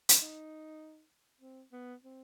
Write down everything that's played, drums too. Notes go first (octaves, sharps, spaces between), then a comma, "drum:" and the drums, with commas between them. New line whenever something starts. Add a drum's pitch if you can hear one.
drum: hi-hat
D#4
C4
B3
C4